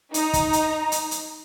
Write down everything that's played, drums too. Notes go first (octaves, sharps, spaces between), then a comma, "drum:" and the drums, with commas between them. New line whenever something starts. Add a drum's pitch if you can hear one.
D#4 A#5, drum: hi-hat
drum: kick, hi-hat
drum: hi-hat
drum: hi-hat
drum: hi-hat